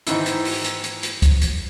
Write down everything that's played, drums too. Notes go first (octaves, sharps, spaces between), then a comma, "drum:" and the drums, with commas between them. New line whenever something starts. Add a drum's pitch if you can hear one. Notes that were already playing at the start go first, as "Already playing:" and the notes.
G#2 D#3 E3 D#4 E4, drum: hi-hat
drum: hi-hat
drum: open hi-hat
drum: hi-hat
drum: hi-hat
drum: hi-hat
drum: kick C#2, hi-hat
drum: hi-hat